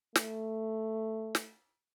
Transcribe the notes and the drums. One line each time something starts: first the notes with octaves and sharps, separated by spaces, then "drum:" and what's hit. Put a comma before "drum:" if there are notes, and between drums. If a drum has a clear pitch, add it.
A3, drum: snare
drum: snare